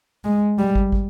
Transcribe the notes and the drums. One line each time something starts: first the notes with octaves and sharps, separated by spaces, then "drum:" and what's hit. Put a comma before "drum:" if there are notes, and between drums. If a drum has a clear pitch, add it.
G#3
G3
drum: kick
drum: kick